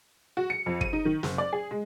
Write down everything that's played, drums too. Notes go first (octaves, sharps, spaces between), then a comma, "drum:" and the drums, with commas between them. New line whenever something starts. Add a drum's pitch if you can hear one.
F#4
C#7
F2
D#7, drum: kick
D#4
D#3
F#1, drum: snare
D5
G#4
G#3